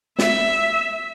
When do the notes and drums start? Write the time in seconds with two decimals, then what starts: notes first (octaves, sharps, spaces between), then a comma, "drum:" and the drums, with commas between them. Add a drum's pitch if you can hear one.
0.19 E5, drum: snare